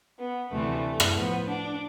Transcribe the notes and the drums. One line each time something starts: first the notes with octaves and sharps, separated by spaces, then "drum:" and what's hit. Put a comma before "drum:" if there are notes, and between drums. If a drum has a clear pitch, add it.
B3
D2 C3 E3 G3 A3
drum: rim click
A2 F3 B3
D4